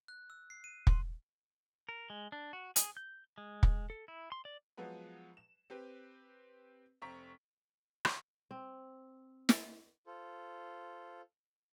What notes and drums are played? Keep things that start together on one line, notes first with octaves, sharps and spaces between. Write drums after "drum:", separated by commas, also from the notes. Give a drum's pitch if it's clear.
F#6
E6
C7
D#7
C6, drum: kick
A#4
G#3
D4
F#4
G#4, drum: hi-hat
G6
G#3
drum: kick
A4
E4
C6
D5
F3 F#3 G#3 B3 B4
E7
C4 G4 B4
F1 C4 A#5 C#6 B6
drum: rim click
C4
drum: snare
F4 A4 C5